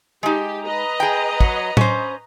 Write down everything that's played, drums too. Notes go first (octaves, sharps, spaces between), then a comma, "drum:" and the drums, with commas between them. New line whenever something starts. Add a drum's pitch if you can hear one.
G#3 D#4 G4
B4 D#5 A#5
G#4 G5
F#3, drum: kick
C#4 C5, drum: tom A2